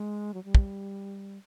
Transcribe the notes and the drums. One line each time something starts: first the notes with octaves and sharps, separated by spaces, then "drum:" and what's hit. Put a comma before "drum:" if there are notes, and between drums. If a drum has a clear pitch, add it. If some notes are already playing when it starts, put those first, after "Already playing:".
Already playing: G#3
F#3
G3
drum: kick